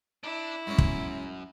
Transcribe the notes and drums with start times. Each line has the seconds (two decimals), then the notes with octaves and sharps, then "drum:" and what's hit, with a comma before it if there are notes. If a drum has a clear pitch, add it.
0.24 D4 E4
0.67 F#2 G#3 C#4
0.78 drum: kick